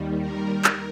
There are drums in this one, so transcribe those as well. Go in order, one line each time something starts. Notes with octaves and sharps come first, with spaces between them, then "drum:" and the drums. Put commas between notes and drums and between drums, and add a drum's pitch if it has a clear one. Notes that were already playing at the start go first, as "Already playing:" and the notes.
Already playing: D#2 D#3 G3
A#4
drum: clap